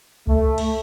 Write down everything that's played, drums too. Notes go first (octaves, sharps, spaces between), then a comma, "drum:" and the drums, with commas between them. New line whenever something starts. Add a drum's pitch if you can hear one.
A3, drum: kick C2
drum: cymbal